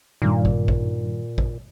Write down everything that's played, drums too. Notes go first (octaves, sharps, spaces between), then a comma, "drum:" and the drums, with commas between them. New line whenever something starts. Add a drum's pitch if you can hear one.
G2 A#2 D#3
drum: kick A1
drum: kick A1
drum: kick A1